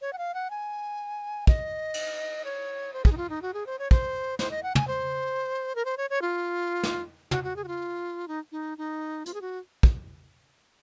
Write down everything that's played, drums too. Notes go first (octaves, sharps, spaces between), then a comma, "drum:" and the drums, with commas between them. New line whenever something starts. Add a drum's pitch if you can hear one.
C#5
F#5
F5
F#5
G#5
D#5, drum: kick
drum: cymbal
C#5
C5
G#4, drum: kick
D#4
F4
D#4
F#4
G#4
C5
C#5
C5, drum: kick
C5, drum: snare
D#5
F#5
G#5, drum: tom
C5
A#4
C5
C#5
C#5
F4
drum: snare
F#4, drum: tom
F#4
G#4
F#4
F4
D#4
D#4
D#4
F4, drum: hi-hat
G#4
F#4
drum: kick